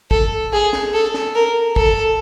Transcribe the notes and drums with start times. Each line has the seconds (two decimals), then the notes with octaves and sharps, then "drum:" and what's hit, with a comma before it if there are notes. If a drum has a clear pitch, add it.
0.11 A4, drum: kick
0.53 G#4
0.73 drum: snare
0.94 A4
1.14 drum: snare
1.35 A#4
1.76 A4, drum: kick